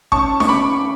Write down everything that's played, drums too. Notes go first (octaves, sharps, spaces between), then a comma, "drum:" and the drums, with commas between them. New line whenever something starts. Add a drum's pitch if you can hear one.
C#4 A5 C#6, drum: kick G#1
C#6, drum: snare D4
C#3 B5 D6